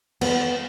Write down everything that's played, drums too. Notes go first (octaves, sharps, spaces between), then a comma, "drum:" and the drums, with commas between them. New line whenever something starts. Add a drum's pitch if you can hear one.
B3, drum: cymbal